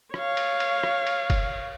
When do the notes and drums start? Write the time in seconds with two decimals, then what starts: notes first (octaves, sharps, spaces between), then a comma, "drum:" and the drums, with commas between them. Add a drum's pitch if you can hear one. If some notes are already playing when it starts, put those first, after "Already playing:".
0.14 C#5 F5, drum: rim click
0.37 drum: cymbal
0.60 drum: cymbal
0.83 drum: rim click
1.07 drum: cymbal
1.30 drum: kick, cymbal